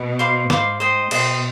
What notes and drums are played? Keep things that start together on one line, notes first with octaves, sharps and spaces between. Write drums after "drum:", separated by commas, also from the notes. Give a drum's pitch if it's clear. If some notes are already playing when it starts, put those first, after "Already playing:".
Already playing: B2
C5 F5 B5 D6
G#2 C5 F5 B5 D6, drum: snare
C5 D#5 G5
B2 C5 D#5 G5, drum: cymbal